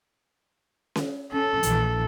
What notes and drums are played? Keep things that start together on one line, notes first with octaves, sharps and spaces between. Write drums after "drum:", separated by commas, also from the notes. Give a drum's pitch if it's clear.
drum: snare C#4
C#4 A4
A#1 E3, drum: hi-hat